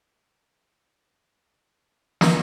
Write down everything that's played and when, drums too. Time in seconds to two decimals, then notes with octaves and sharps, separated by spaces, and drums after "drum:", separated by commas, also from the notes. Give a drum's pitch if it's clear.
0.17 C3 C#4
0.44 C#3
0.71 C3 E4
0.90 C3
1.24 C#3 D#4
2.21 drum: snare